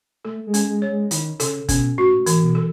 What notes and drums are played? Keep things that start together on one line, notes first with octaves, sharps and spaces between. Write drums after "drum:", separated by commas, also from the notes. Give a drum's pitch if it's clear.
A3 A4
G#3
C#4, drum: hi-hat
G#3
C#5
G#3
D#3 E4, drum: hi-hat
C#3 A4, drum: hi-hat
B2 C#4, drum: kick, hi-hat
A2 F#4
A2
E3, drum: hi-hat
B2
A4